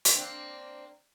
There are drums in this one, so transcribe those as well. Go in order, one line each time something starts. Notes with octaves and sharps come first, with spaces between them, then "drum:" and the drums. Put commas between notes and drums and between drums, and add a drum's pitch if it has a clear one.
drum: hi-hat
A#3 C4 D4